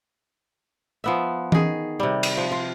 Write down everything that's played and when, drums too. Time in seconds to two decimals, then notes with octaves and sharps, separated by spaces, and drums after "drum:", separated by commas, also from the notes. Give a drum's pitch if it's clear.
1.04 F3 B3 E5
1.52 D#3 G#4, drum: tom E3
2.00 C3 G3
2.23 drum: cymbal
2.37 F3
2.52 F4